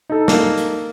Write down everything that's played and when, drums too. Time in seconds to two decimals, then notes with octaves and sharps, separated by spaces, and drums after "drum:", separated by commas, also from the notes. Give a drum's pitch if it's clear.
0.10 D#4 A4
0.28 A#3, drum: snare
0.57 drum: hi-hat